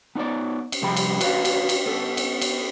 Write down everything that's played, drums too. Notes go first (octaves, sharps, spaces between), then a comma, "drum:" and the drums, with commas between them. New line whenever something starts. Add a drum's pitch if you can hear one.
B3 D#4 C#5 D5
drum: cymbal
C2 F3 G3 G#4 G5 B5
drum: cymbal
F#4 B4 C#5 D5 F5, drum: cymbal
drum: cymbal
drum: cymbal
B3 A4
drum: cymbal
drum: cymbal